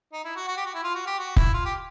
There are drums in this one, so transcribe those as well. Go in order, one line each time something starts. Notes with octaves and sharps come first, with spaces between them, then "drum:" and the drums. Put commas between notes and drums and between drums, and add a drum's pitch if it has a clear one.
D#4
E4
F#4
F#4
G4
F#4
E4
F4
F#4
G4
F#4
E4, drum: kick F1
F4
G4